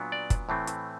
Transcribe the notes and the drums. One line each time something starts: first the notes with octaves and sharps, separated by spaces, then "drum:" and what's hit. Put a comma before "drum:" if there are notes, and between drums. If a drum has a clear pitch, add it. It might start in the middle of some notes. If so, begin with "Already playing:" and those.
Already playing: A#2 F#3 B3 D4
D5
drum: kick, hi-hat
A2 E3 A3 C4
drum: hi-hat